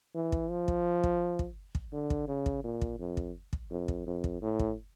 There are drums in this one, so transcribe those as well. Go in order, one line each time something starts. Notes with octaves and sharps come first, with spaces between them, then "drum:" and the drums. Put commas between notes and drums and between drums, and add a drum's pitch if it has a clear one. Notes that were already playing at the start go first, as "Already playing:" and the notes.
E3
drum: kick
F3
drum: kick
drum: kick
drum: kick
drum: kick
D3
drum: kick
C#3
drum: kick
A#2
drum: kick
F2
drum: kick
drum: kick
F2
drum: kick
F2
drum: kick
A2
drum: kick